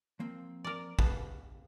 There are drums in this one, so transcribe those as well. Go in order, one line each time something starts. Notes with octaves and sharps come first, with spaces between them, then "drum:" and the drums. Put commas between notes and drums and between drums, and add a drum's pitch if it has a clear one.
F3 A#3 C4
A#4 D5
B3 F5 A5, drum: kick